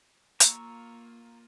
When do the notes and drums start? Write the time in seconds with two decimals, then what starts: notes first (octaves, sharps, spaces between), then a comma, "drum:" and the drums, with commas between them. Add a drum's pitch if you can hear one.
0.40 A#3 F4 A#5 C#6 E6, drum: hi-hat